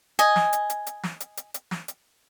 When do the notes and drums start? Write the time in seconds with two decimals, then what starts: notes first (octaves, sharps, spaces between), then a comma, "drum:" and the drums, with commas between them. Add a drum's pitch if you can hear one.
0.19 D#5 G#5, drum: hi-hat
0.36 drum: snare
0.53 drum: hi-hat
0.70 drum: hi-hat
0.87 drum: hi-hat
1.03 drum: snare
1.20 drum: hi-hat
1.37 drum: hi-hat
1.54 drum: hi-hat
1.71 drum: snare
1.88 drum: hi-hat